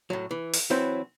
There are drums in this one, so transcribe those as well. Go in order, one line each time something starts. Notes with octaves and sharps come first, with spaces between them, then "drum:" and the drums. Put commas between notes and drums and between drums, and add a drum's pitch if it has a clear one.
A2 F#3
E3
drum: open hi-hat
E3 F#3 C4 E4 C5